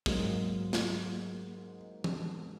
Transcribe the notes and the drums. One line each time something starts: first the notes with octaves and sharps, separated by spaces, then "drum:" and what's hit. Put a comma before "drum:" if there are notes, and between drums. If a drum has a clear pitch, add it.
G#2 F#3 G#3 A#3, drum: kick
drum: snare
drum: tom E3